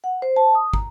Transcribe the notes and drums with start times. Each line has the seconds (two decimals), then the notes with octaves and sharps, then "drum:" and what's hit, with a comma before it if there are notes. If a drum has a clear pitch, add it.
0.04 F#5
0.22 C5
0.37 A5
0.55 D#6
0.73 A#5, drum: kick